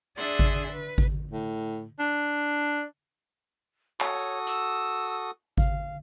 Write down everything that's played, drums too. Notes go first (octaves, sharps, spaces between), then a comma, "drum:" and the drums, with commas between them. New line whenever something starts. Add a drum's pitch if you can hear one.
D4 G#4 D5 E5 F#5 C6
drum: kick G#1
B4
drum: kick G#1
A2
D4
F#4 A4 C#5 D#6, drum: clap
drum: tambourine
E6, drum: hi-hat
F5, drum: kick G#1